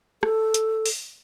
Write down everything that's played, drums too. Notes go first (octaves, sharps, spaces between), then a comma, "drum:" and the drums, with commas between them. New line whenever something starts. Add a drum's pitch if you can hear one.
A4, drum: rim click
drum: hi-hat
drum: open hi-hat